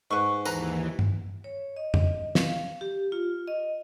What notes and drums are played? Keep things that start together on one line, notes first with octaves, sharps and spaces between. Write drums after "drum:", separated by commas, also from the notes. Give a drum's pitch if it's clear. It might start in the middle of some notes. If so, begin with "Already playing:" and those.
G#2 B4 C#6
D#2 E3 B4 A#5, drum: tambourine
drum: tom G2
C#5
D#5
drum: tom F2
F5, drum: snare
G4
F4
D#5